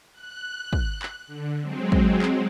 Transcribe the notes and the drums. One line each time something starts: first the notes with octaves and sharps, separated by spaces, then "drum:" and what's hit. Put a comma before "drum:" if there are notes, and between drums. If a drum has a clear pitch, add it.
F#6
drum: kick
drum: clap
D3
F#3 G#3 C4
drum: kick
drum: clap